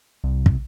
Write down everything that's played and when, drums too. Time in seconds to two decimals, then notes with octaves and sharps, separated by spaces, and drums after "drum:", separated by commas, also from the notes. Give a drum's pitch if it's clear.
0.24 C2
0.46 drum: kick